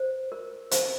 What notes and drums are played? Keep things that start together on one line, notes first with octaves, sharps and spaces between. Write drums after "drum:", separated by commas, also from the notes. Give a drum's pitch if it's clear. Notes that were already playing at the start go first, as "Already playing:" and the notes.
Already playing: C5
A#4
C5, drum: hi-hat